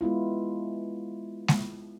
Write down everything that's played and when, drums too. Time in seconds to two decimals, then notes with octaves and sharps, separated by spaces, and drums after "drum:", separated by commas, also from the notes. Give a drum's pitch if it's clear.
0.01 G#3 B3 E4 F4
1.48 drum: snare G#3